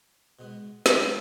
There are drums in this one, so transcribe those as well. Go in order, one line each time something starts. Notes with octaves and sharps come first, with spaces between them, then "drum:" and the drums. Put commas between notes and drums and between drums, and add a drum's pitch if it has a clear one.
B2 G#3 B3
F#2 D3 G#3, drum: snare